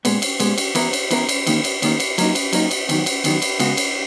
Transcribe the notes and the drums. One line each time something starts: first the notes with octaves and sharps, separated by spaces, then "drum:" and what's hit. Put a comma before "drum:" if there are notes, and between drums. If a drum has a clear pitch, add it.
A#2 G#3 B3, drum: cymbal
drum: cymbal
A#2 G#3 B3, drum: cymbal
drum: cymbal
E3 B3 E4 A#4, drum: cymbal
drum: cymbal
E3 B3 E4 A#4, drum: cymbal
drum: cymbal
E2 D#3 A#3 C#4, drum: cymbal
drum: cymbal
E2 D#3 A#3 C#4, drum: cymbal
drum: cymbal
F#3 A#3 D#4, drum: cymbal
drum: cymbal
F#3 A#3 D#4, drum: cymbal
drum: cymbal
E2 D#3 F#3, drum: cymbal
drum: cymbal
E2 D#3 F#3, drum: cymbal
drum: cymbal
C#3 G#3 B3 F#4, drum: cymbal
drum: cymbal